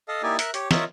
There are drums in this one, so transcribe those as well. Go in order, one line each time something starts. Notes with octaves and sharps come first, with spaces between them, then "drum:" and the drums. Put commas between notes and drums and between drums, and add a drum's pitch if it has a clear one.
A4 D#5 F5
A#3 D#4 E4 G4 D5 G#5
A#4 E5 F#6, drum: hi-hat
G4 C#5, drum: hi-hat
F4 A#4 C#5 D#5 E5, drum: snare